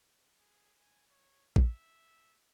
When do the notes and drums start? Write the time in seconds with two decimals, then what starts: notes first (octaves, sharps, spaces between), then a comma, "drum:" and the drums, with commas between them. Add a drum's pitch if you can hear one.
0.39 G#4
0.79 G#5
1.10 C#5
1.56 E5, drum: kick A#1